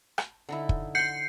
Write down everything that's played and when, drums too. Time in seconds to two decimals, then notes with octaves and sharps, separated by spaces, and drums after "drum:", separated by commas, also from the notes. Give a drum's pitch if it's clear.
0.18 drum: rim click
0.49 D3 D#4 E4
0.69 drum: kick
0.95 F#5 C6 G6 C7 C#7